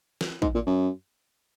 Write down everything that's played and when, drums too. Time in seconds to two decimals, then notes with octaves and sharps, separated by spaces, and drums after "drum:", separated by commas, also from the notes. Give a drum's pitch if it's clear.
0.21 drum: snare
0.42 G#2, drum: kick
0.55 A#2
0.66 F#2